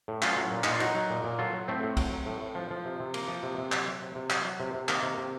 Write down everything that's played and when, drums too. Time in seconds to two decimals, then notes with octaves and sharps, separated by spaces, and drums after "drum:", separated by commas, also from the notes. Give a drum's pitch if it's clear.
0.08 A2
0.22 F#3 C#4 F4, drum: clap
0.36 F#3
0.51 A#2
0.64 A#2 D#4, drum: clap
0.72 F4
0.80 F#3 D#4 F#4, drum: cymbal
0.95 F#3
1.10 A#2
1.24 A#2
1.39 F#3 F4 A4
1.53 F#3
1.68 A2 A3 C4
1.83 A2
1.97 F#3, drum: kick, cymbal
2.13 F#3
2.26 A2
2.41 A2
2.55 F3
2.71 F3
2.85 C3
3.00 C3
3.14 F3 A#3, drum: cymbal
3.28 F3
3.43 C3
3.58 C3
3.72 F#3, drum: clap
3.87 F#3
4.02 C3
4.15 C3
4.30 F#3, drum: clap
4.45 F#3
4.60 C3
4.74 C3
4.89 D#3 A#3, drum: clap
5.03 C3
5.18 C3